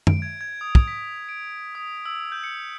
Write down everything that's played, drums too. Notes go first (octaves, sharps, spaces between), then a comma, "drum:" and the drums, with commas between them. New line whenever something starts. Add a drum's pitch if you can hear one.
D7, drum: tom F#2
G#6
G#6
D#6
drum: kick
B6
D7
D#6
E6
G6
C#7